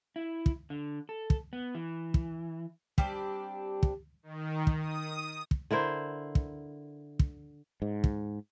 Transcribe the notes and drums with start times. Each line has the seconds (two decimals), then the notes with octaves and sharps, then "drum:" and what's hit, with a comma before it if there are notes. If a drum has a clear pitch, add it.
0.16 E4
0.46 drum: kick
0.70 D3
1.09 A4
1.30 drum: kick
1.53 B3
1.75 E3
2.14 drum: kick
2.98 G3 C4 D4 G4, drum: kick
3.83 drum: kick
4.23 D#3
4.67 drum: kick
4.80 D#6
5.51 drum: kick
5.71 D3 E4 A#4 C5
6.35 drum: kick
7.19 drum: kick
7.82 G#2
8.04 drum: kick